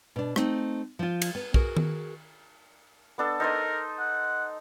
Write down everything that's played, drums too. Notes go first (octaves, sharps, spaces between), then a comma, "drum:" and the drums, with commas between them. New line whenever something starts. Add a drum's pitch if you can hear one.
B2 D4
A3 C4 D#4, drum: rim click
F3 F4
drum: cymbal
B3
F#4 G#4 A#4, drum: kick
drum: tom D#3
B3 D4 A4
D#4 A#4 C5 D#5
F#5